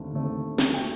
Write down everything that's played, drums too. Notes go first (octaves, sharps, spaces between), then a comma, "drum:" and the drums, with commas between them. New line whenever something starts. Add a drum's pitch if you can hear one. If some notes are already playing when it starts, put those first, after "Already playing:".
Already playing: D#2 D3 A3 C4
D#2 D3 A3 C4
drum: snare
F#3 A3 G5